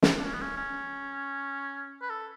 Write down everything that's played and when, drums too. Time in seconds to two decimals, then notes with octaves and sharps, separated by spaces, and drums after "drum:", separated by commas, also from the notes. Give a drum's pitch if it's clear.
0.03 drum: snare
0.18 D4
0.25 C#4
0.34 B3
0.41 C#4
0.56 C#4
2.02 B4
2.10 A4